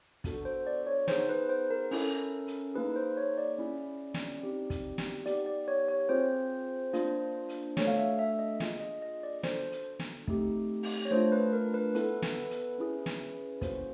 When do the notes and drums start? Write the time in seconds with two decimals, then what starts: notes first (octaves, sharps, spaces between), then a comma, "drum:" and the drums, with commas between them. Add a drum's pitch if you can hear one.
0.24 B3 D4 F#4 A4, drum: kick, hi-hat
0.45 C5
0.67 D5
0.87 C#5
1.08 B3 D#4 G#4 C5, drum: snare
1.29 B4
1.49 C5
1.71 A#4
1.91 C#4 E4 A4, drum: open hi-hat
2.47 drum: hi-hat
2.75 A#3 D#4 G#4 B4
2.96 C5
3.17 C#5
3.38 D5
3.59 C#4 E4 G#4
4.14 drum: snare
4.42 C4 D#4 G4
4.70 drum: kick, hi-hat
4.98 drum: snare
5.26 B3 D#4 G4 D5, drum: hi-hat
5.46 D5
5.68 C#5
5.88 C#5
6.09 C4 F4 G#4 C5
6.93 A#3 D4 F4, drum: hi-hat
7.49 drum: hi-hat
7.77 A3 D4 F#4 A4 C#5, drum: snare
7.87 F5
7.98 E5
8.19 E5
8.39 D#5
8.60 A#3 D4 F4 G#4 D#5, drum: snare
8.80 D#5
9.02 D#5
9.23 D5
9.43 D4 F#4 A4 C5, drum: snare
9.72 drum: hi-hat
9.99 drum: snare
10.27 A3 C4 D#4 G4, drum: kick
10.83 drum: open hi-hat
11.05 C#5
11.11 A3 D4 F4 C5
11.32 B4
11.53 A#4
11.74 B4
11.95 B3 E4 A4 B4, drum: hi-hat
12.22 drum: snare
12.50 drum: hi-hat
12.78 C#4 E4 G#4
13.06 drum: snare
13.61 A#3 C#4 F#4 A4 C5, drum: kick, hi-hat